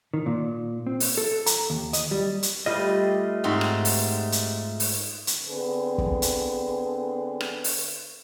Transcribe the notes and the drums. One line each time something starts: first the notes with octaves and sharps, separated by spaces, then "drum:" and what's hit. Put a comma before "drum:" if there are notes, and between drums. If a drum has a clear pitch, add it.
D#3
A#2
C4
drum: open hi-hat
A4
A#5, drum: hi-hat
D#2
D#5, drum: hi-hat
G3
drum: hi-hat
G3 A3 F4 G4 B4 D#5
G#2 C4 F#4
drum: rim click
drum: open hi-hat
drum: hi-hat
drum: open hi-hat
drum: hi-hat
D3 B3 C4 G#4 B4
drum: kick
drum: hi-hat
drum: rim click
drum: open hi-hat